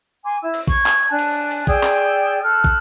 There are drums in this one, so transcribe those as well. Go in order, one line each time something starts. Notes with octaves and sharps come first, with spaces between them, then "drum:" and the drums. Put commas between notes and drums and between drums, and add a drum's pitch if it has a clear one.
G#5 C6 D6
E4 E6
drum: cymbal
C#6 G#6, drum: kick
drum: clap
D4 G#5 A5 F#6
drum: cymbal
drum: cymbal
G#4 D5 G5 E6, drum: kick
drum: clap
A4 A5 F6 F#6
drum: kick